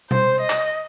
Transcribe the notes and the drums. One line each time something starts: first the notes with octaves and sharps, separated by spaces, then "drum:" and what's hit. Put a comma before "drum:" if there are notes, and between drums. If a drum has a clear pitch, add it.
C5, drum: tom B2
D#5
drum: clap